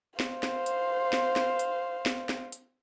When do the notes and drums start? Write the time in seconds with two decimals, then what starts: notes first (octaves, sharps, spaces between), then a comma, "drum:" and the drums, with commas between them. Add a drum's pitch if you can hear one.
0.20 C5 F5, drum: snare
0.43 drum: snare
0.66 drum: hi-hat
1.13 drum: snare
1.36 drum: snare
1.59 drum: hi-hat
2.06 drum: snare
2.29 drum: snare
2.52 drum: hi-hat